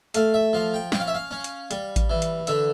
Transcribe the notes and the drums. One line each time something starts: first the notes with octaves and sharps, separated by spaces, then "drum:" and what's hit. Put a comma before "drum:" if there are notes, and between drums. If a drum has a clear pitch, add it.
A3 F5, drum: hi-hat
E5
F3 F5
G5
C#4 G5, drum: snare
F5
E5
F5
C#4
drum: hi-hat
G3, drum: hi-hat
drum: kick A1, hi-hat
E3
drum: hi-hat
D3 E5, drum: hi-hat